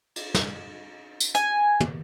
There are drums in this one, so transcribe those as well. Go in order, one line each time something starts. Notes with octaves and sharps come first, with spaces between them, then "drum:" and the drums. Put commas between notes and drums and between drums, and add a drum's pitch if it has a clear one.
drum: cymbal
drum: snare
drum: tambourine
G#5, drum: hi-hat
drum: tom